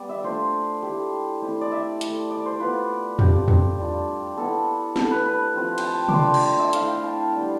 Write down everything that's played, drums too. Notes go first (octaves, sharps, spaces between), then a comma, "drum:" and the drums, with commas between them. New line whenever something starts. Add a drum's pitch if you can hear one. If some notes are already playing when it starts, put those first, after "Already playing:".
Already playing: G3 B3 D5
E5
A3 D4 F4 C5
A3 E4 G4
A3 C4 E4
D5
E5
A3 E4, drum: hi-hat
D5
C5
B3 F4 B4
A3 C4 F4 G4, drum: tom E2
drum: tom E2
G3 D4 F4
B3 E4 A4
A3 E4 A4, drum: snare
B4
B4
F3 C4 F4
G5, drum: cymbal
A5
D6, drum: tom C3
A3 D4 F4 C6
drum: cymbal
C6
E5
A3 E4 F5, drum: hi-hat
G5
A5
G3 B3 D4